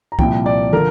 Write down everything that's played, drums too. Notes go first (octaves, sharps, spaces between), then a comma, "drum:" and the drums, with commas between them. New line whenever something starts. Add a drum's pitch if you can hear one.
A#5
C2 A#2 F3 G5, drum: kick C2
D5
D3 F3 A#4